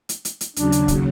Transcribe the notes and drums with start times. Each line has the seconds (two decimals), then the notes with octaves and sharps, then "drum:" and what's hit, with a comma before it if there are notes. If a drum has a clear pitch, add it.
0.09 drum: hi-hat
0.25 drum: hi-hat
0.41 drum: hi-hat
0.56 D#2 C#3 F#3 D4, drum: hi-hat
0.72 drum: hi-hat
0.88 drum: kick, hi-hat